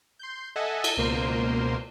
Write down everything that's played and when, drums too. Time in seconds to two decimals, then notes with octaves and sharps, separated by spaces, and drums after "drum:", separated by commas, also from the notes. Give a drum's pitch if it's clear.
0.19 C6 G6
0.56 A4 D#5 E5 F#5 G#5 A5
0.84 drum: cymbal
0.97 C#2 B2 A#3 A#4 C5 C6